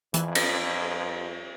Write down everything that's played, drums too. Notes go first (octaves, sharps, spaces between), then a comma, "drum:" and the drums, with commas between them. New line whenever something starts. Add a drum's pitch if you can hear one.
F2 E3, drum: hi-hat
drum: cymbal